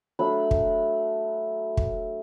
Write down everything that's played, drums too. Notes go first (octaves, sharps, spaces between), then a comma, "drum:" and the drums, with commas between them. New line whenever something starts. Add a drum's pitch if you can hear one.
F#3 A3 D4 B5
drum: kick
drum: kick